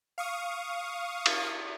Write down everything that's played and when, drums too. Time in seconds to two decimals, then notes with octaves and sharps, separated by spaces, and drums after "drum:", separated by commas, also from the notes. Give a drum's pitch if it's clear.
0.18 F5 C#6 D#6
1.26 drum: cymbal